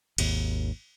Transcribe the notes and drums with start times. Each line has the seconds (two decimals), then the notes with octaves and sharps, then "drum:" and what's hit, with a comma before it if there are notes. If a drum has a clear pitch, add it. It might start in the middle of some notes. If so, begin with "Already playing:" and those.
0.18 G#1 D#2, drum: cymbal